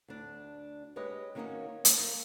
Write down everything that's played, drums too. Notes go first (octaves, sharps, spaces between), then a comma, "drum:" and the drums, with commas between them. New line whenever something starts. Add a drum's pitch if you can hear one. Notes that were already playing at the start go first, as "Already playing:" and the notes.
D2 D4
G#3 G4 B4 C#5 D#5
D#3 A#3 C#4 D#4 F#4 D#5
A#3, drum: hi-hat